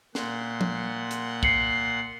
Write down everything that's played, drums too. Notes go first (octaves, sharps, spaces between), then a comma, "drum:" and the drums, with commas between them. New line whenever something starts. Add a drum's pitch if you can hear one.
A#2 F#5 C6, drum: snare
drum: tom
drum: hi-hat
C7 C#7 F#7, drum: kick